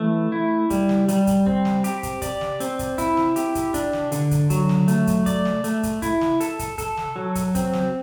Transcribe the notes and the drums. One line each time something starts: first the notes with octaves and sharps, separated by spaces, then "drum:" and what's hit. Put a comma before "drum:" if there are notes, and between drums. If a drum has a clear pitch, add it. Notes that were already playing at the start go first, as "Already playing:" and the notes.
Already playing: E3 A3
E4
G3, drum: kick, hi-hat
drum: snare
G3, drum: hi-hat
drum: kick, hi-hat
C4, drum: kick
drum: snare
G4, drum: hi-hat
drum: kick, hi-hat
D5, drum: kick, hi-hat
drum: snare
C4, drum: hi-hat
drum: kick, hi-hat
E4, drum: kick, hi-hat
drum: snare
G4, drum: hi-hat
drum: kick, hi-hat
D4, drum: kick, hi-hat
drum: snare
D3, drum: hi-hat
drum: kick, hi-hat
F#3, drum: kick, hi-hat
drum: snare
A3, drum: hi-hat
drum: kick, hi-hat
D5, drum: kick, hi-hat
drum: snare
A3, drum: hi-hat
drum: kick, hi-hat
E4, drum: kick, hi-hat
drum: snare
A4, drum: hi-hat
drum: kick, hi-hat
A4, drum: kick, hi-hat
drum: snare
F#3
drum: kick, hi-hat
C4, drum: kick, hi-hat
drum: snare